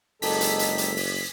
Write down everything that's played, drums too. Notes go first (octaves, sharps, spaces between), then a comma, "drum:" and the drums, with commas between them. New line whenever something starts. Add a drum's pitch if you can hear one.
F#1 G#3 D4 D#4 G4 A4 B6, drum: open hi-hat
drum: hi-hat
drum: hi-hat
drum: hi-hat
drum: open hi-hat